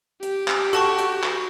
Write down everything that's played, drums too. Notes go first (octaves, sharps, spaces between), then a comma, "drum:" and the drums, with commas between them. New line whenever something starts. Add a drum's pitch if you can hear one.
G4, drum: hi-hat
drum: clap
F#4 A4 A5 C#6, drum: hi-hat
drum: hi-hat
drum: clap